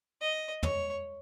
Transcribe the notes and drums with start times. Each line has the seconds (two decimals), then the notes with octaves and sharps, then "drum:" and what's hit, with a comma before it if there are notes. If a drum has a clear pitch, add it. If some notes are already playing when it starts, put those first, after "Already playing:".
0.21 D#5
0.63 C#5, drum: tom